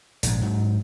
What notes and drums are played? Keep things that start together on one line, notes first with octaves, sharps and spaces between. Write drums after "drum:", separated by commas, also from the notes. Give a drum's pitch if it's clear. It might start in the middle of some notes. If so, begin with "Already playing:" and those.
A#1 G#2, drum: hi-hat
G#2 F#3